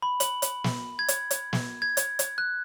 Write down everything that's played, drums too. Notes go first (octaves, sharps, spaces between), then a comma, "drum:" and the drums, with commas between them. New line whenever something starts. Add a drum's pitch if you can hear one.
B5
F#7, drum: hi-hat
drum: hi-hat
drum: snare
G#6
drum: hi-hat
drum: hi-hat
drum: snare
G#6
drum: hi-hat
drum: hi-hat
F#6